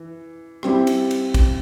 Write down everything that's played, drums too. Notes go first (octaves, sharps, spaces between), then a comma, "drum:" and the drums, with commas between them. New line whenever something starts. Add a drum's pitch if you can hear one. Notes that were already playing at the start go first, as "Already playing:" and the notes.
Already playing: E3
G3 C4 E4 G4, drum: rim click
drum: cymbal
drum: cymbal
drum: kick, cymbal